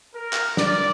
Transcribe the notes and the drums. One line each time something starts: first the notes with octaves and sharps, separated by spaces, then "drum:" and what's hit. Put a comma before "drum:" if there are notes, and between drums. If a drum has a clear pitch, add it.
A#4
drum: clap
D5, drum: snare